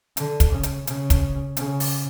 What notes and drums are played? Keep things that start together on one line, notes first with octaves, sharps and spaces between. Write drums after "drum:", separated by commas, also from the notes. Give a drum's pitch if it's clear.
D3, drum: hi-hat
drum: kick, hi-hat
C#3
drum: hi-hat
C#3, drum: hi-hat
drum: kick, hi-hat
C#3, drum: hi-hat
drum: open hi-hat